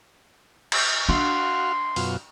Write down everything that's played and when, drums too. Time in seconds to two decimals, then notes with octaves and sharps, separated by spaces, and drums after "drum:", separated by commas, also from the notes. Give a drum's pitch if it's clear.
0.72 drum: cymbal
1.09 D4 F#4 F5 C6
1.96 F#2 B2 F4, drum: open hi-hat